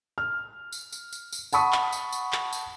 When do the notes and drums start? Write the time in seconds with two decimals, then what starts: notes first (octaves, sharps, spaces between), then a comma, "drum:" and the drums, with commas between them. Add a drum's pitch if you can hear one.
0.18 F6
0.72 drum: tambourine
0.92 drum: tambourine
1.12 drum: tambourine
1.33 drum: tambourine
1.53 F#5 A5 B5 C#6 D#6, drum: tambourine
1.73 drum: clap
1.93 drum: tambourine
2.13 drum: tambourine
2.33 drum: clap
2.53 drum: tambourine